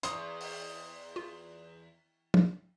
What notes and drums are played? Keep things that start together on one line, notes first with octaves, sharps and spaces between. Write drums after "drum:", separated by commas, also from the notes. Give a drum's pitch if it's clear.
E2 C6 D#6, drum: hi-hat
drum: open hi-hat
F4
drum: tom